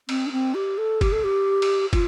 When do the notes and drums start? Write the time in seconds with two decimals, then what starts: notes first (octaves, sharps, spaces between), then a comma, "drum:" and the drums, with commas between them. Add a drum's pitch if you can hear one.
0.09 C4, drum: cymbal
0.26 D4
0.32 C4
0.55 G4
0.78 A4
1.01 G4, drum: kick, cymbal
1.12 A4
1.24 G4
1.62 drum: cymbal
1.93 F4, drum: kick, cymbal